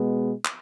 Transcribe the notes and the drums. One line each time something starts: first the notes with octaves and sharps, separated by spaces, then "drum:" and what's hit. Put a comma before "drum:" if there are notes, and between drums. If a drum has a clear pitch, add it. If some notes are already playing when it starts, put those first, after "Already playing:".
Already playing: B2 G#3 B3
drum: clap